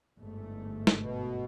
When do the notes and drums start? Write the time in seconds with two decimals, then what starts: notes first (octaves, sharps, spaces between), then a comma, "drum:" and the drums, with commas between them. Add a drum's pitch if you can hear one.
0.18 G1 G#2 A3
0.87 drum: snare
1.01 B2